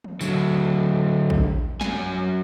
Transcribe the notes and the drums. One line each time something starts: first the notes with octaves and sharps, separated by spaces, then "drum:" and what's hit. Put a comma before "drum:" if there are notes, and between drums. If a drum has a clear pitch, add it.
drum: tom
D3 F#3, drum: tambourine
drum: kick
F#2 G#5, drum: snare